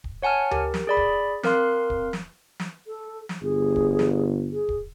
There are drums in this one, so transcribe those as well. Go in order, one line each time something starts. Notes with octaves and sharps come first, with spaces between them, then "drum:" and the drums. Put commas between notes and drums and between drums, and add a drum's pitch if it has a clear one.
drum: kick
C#5 F#5 G#5 A5 F6
G4 A#4, drum: tom D2
drum: snare
G#4 D5 B5
drum: kick
C4 A#4 F5 C6 F#6, drum: snare
drum: kick
drum: snare
drum: snare
A4
drum: snare
G1 G#4
drum: kick
drum: snare
G#4
drum: kick